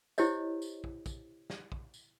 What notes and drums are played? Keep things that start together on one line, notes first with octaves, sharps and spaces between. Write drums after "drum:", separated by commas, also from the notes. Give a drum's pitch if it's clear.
E4 G4 C5 C#5 D#5, drum: tambourine
drum: tambourine
drum: kick
drum: kick, tambourine
drum: snare
drum: kick
drum: tambourine